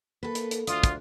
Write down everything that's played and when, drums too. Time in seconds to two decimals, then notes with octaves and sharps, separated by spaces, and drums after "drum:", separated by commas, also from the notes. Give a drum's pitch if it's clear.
0.23 A#3 A4 B4
0.35 drum: hi-hat
0.51 drum: hi-hat
0.67 D2 D4 F4 D#6, drum: hi-hat
0.83 drum: kick, hi-hat